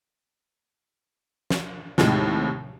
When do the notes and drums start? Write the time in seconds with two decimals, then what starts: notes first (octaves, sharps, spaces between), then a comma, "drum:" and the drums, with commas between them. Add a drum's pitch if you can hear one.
1.50 drum: snare
1.98 D#2 A2 C3 D#3 G#3, drum: snare